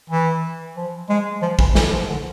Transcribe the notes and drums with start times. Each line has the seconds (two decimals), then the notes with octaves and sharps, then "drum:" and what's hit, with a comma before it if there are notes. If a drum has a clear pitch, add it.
0.10 E3
0.76 F3
1.09 G#3
1.42 F3
1.59 E3, drum: kick
1.75 E3, drum: snare
1.92 F3
2.09 D3